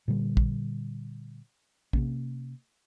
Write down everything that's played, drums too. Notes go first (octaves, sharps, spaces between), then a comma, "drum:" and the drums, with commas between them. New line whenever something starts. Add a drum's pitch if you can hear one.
A#2 D3 G3
drum: kick
C3 A#3 C#4, drum: kick